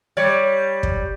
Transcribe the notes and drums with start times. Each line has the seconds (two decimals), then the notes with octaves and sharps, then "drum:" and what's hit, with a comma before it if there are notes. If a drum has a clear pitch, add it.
0.17 G3 C#5 D5
0.83 drum: kick